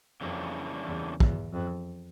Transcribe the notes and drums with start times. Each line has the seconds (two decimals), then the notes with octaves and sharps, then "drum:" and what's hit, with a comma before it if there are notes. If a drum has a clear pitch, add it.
0.21 F2 C#3 E3 G3 A#3 D4
0.87 E2
1.20 E2, drum: kick
1.54 F2